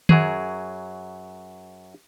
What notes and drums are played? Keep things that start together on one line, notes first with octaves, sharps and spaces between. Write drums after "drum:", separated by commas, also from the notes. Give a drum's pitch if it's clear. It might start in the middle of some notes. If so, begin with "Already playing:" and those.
F#2 F#3 G#4, drum: tom D#3